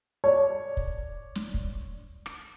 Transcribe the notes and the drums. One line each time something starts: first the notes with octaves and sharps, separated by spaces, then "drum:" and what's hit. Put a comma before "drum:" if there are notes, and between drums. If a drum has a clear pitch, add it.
C#5 D5
drum: kick
drum: snare
drum: kick
drum: rim click